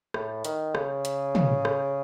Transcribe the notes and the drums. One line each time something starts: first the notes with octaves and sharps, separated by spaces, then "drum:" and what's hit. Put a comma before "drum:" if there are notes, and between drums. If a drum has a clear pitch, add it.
A2, drum: rim click
D#3, drum: hi-hat
C#3, drum: rim click
drum: hi-hat
drum: tom
drum: rim click